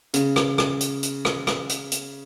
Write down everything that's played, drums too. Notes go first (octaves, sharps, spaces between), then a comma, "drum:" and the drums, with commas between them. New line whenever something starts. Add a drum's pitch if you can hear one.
C#3, drum: hi-hat
drum: rim click
drum: rim click
drum: hi-hat
drum: hi-hat
drum: rim click
drum: rim click
drum: hi-hat
drum: hi-hat